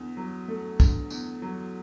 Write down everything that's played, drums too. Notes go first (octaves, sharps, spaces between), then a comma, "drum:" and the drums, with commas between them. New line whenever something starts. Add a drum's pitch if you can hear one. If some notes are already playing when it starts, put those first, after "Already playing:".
Already playing: E2 D3
F#3
A3
D3, drum: kick, tambourine
E2, drum: tambourine
F#3